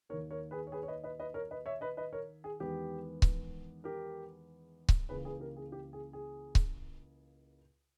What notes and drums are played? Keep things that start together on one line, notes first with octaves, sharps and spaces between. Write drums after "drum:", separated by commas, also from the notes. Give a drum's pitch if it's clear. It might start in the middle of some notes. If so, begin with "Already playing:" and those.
D#2 D#3 A#3 A#4 C#5
A#4 C#5
G#4 B4
C#5
G#4 B4
C#5
B4 D#5
B4 D#5
B4 D#5
A#4 C#5
B4 D#5
C#5 E5
B4 D#5
B4 D#5
A#4 C#5
G#4
E2 D#3 G#3 B3 G4
drum: kick C#1
G4 A#4
drum: kick C#1
C#2 C#3 E3 A#3 G#4 B4
G#4 B4
G4 A#4
G#4
G4
G#4
G#4
drum: kick C#1